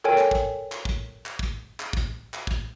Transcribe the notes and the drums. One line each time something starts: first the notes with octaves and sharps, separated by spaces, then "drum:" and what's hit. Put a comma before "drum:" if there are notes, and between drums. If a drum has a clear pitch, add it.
A4 A#4 C#5 G5 G#5
drum: clap
drum: kick
drum: clap
drum: kick
drum: clap
drum: kick
drum: clap
drum: kick
drum: clap
drum: kick